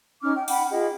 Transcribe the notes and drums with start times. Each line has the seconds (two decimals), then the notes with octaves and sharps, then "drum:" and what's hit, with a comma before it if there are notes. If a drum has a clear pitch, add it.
0.22 C#4 D#4 D6 F6
0.35 G5
0.48 F#5 G5 B5, drum: open hi-hat
0.70 F4 G#4 D#5